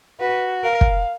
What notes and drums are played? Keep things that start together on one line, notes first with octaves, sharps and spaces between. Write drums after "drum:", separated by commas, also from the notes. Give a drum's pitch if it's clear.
F#4 B4
A#4 F5
drum: kick